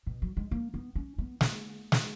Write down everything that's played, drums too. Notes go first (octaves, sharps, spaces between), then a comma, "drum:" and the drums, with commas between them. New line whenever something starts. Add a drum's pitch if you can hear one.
B2
F#3
G#3
A#3
B3
C#4
B3
A#3, drum: snare
drum: snare